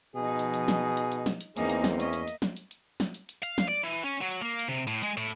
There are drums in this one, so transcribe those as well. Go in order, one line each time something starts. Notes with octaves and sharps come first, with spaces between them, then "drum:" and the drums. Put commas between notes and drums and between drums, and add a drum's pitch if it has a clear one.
B2 F3 D#4 G#4
drum: hi-hat
drum: hi-hat
drum: snare
drum: hi-hat
drum: hi-hat
drum: snare
drum: hi-hat
E2 A#3 C4 D#4 G#4, drum: hi-hat
drum: hi-hat
drum: snare
A#3 C#4 D#5 E5, drum: hi-hat
drum: hi-hat
drum: hi-hat
drum: snare
drum: hi-hat
drum: hi-hat
drum: snare
drum: hi-hat
drum: hi-hat
F5, drum: hi-hat
drum: snare
D5
E3
C#4
F#3
drum: hi-hat
A#3
drum: hi-hat
C3
A2, drum: hi-hat
G#3, drum: hi-hat
A2, drum: hi-hat